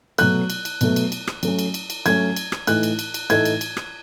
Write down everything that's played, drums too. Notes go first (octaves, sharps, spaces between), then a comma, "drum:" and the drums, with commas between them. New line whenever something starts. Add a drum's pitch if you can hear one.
B2 F#3 A3 F#6, drum: cymbal
drum: cymbal
drum: cymbal
B2 F#3 A3, drum: cymbal
drum: cymbal
drum: cymbal
drum: rim click
F#3 A3 C#4, drum: cymbal
drum: cymbal
drum: cymbal
drum: cymbal
F#3 A3 C#4 G#6, drum: cymbal
drum: cymbal
drum: rim click
A2 E3 A3 D#4 F#6, drum: cymbal
drum: cymbal
drum: cymbal
drum: cymbal
A2 E3 A3 D#4 G#6, drum: cymbal
drum: cymbal
drum: cymbal
drum: rim click